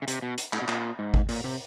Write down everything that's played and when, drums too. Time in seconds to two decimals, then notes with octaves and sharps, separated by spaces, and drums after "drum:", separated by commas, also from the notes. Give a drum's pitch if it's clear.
0.02 C#3
0.08 C3, drum: hi-hat
0.22 B2
0.38 drum: hi-hat
0.53 A2, drum: clap
0.62 B2
0.68 A#2, drum: clap
0.99 G#2
1.14 drum: kick G#1
1.29 A#2, drum: open hi-hat
1.44 C3